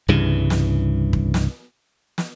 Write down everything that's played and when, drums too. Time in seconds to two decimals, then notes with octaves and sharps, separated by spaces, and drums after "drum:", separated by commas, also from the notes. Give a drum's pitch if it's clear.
0.08 C2 G2 C#3 E3
0.50 drum: snare
1.13 drum: kick
1.34 drum: snare
2.18 drum: snare